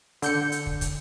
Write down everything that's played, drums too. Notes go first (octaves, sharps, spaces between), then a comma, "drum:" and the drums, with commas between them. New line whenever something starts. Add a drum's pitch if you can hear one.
D3 G6 C#7, drum: hi-hat
drum: hi-hat
drum: kick
drum: kick, hi-hat